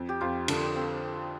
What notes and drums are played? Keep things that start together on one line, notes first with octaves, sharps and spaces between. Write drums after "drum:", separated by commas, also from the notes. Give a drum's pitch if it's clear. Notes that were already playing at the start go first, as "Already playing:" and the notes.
Already playing: F2
G4
F2 F4
D3 D4, drum: cymbal
C4